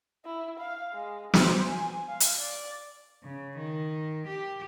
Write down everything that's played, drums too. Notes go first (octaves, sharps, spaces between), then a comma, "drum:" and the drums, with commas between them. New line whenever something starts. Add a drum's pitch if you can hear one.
E4
F5
G#3
C5, drum: snare
G#5
F5
drum: hi-hat
D5
C#3
D#3
G4